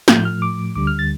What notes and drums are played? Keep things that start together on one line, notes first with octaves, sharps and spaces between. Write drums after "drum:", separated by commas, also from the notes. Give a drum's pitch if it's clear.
A2 F3 A3 G6, drum: snare
F6
D6
D2 D3 G3 D6
F6
A6